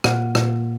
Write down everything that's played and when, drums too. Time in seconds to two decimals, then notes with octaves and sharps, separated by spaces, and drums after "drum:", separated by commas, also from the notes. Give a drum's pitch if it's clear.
0.04 A#2 F#5, drum: rim click
0.35 A#2, drum: rim click